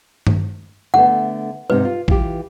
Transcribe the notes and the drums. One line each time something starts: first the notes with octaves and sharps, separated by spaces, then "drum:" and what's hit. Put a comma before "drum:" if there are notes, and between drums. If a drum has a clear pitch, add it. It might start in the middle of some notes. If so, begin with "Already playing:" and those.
drum: tom G2
D3 A3 B3 F#5
G#2 C3 D#4 B4
F4
E3 F4 G4, drum: kick